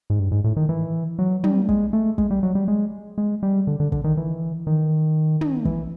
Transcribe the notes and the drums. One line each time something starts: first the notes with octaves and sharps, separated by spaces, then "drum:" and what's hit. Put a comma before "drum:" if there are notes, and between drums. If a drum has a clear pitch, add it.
G#2
G2
G#2
A2
D#3
E3
F#3
G3, drum: tom
G#3, drum: kick
A3
G#3, drum: kick
G3
F#3
G3
G#3
G#3
G3
D3
D3
D3, drum: kick
D#3
E3
D#3
drum: tom
E3, drum: kick